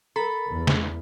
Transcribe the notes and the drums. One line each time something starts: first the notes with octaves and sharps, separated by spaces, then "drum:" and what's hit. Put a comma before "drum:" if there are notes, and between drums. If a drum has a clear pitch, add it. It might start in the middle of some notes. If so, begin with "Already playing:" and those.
A4 A#4 A#5 B5
E2
drum: snare